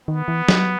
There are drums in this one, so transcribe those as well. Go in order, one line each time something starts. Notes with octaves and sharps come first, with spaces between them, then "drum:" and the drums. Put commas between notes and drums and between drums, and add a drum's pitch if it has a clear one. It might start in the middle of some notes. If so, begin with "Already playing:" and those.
D#3 B3
E3
F#3, drum: snare